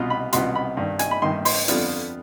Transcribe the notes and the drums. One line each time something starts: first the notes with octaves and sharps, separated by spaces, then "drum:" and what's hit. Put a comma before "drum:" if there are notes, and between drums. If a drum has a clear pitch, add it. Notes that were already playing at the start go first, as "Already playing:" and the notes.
Already playing: C2 B2 B3 F4 D#5
B5
C2 B2 B3 F4 C6, drum: hi-hat
B5
G2 D#3 G3
G#5, drum: hi-hat
B5
G2 D#3 G3 C6
C6, drum: open hi-hat
F2 D3 G3 B3 F4, drum: hi-hat